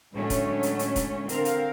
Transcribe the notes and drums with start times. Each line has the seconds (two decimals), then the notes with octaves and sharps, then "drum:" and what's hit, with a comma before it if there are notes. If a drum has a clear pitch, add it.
0.14 A2 D3 F#3 G#3 A3 C#4
0.30 drum: kick, hi-hat
0.63 drum: hi-hat
0.79 drum: hi-hat
0.96 drum: kick, hi-hat
1.29 D3 C4 A#4 F5, drum: hi-hat
1.45 drum: hi-hat